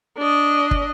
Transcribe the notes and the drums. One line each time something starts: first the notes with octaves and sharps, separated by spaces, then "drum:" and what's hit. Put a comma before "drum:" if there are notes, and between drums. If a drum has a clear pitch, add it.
D4 D#5
drum: kick